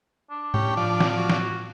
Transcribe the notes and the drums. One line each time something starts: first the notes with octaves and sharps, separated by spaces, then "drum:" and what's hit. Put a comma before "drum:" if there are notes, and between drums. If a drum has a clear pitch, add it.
D4
A2 C#4 G4
F3 D5
drum: snare
F#4
drum: snare